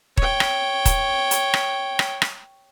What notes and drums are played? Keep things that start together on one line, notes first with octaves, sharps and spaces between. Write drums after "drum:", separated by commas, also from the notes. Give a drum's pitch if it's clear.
C#5 G5, drum: kick D#1
drum: rim click
drum: kick D#1, hi-hat
drum: hi-hat
drum: rim click
drum: rim click
drum: rim click